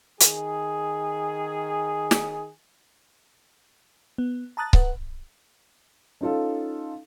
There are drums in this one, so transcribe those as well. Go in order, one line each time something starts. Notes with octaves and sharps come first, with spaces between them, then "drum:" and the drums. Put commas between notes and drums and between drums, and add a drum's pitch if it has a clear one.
D#3 G#4, drum: hi-hat
drum: snare
B3
A5 A#5 D#6 F#6 A6
B4 F#5, drum: kick C#1
C#4 D#4 F4 A4